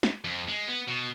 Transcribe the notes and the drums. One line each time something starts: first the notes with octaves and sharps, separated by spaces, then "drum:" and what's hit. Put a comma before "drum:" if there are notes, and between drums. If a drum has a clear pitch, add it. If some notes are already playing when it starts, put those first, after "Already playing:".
drum: snare
F2
G#3
B3
B2